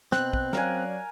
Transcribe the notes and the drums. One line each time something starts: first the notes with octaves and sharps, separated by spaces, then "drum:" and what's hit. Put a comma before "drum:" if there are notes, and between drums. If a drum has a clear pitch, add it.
B2 C4 F#6, drum: snare
drum: kick
F#3 C#4 A#4 D5 F5 G#5, drum: snare